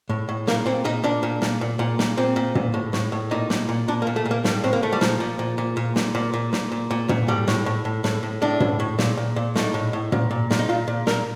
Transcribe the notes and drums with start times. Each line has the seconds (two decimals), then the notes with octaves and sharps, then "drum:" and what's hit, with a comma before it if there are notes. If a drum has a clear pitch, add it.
0.09 A2
0.29 A2
0.47 A#2 A#3, drum: snare
0.66 A#2 C4
0.85 A#2 D#4
1.04 A#2 D4
1.23 A#2
1.42 A#2, drum: snare
1.61 A#2
1.79 A#2
1.99 A#2, drum: snare
2.17 A#2 C4
2.36 A#2
2.55 A#2, drum: tom
2.74 A2
2.93 A2, drum: snare
3.12 A2
3.31 A#2 D#4
3.50 A#2, drum: snare
3.69 A#2
3.88 A#2 D4
4.02 A#3
4.07 A#2
4.16 A3
4.26 A#2
4.31 A#3
4.44 A2 G3, drum: snare
4.64 A2 C4
4.73 A#3
4.83 A2 A3
4.92 G3
5.01 A#2 F3, drum: snare
5.20 A#2
5.39 A#2
5.58 A#2
5.77 A#2
5.96 A#2, drum: snare
6.15 A#2
6.34 A#2
6.53 A#2, drum: snare
6.72 A#2
6.91 A#2
7.09 A#2, drum: tom
7.28 A2 G3
7.48 A2, drum: snare
7.66 A2
7.85 A2
8.04 A2, drum: snare
8.23 A2
8.42 A2 D4
8.60 A2, drum: tom
8.80 A2
8.99 A#2, drum: snare
9.17 A#2
9.36 A#2
9.56 A2 D#4, drum: snare
9.74 A2
9.93 A2
10.12 A#2, drum: tom
10.31 A#2
10.51 A#2, drum: snare
10.59 D#4
10.69 A#2 F4
10.88 A#2
11.07 A#2 A#4, drum: snare